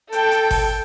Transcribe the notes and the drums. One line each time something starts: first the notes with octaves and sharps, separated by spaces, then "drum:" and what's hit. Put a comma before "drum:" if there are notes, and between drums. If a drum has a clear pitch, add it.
A4 G5, drum: hi-hat
drum: hi-hat
drum: kick G1, open hi-hat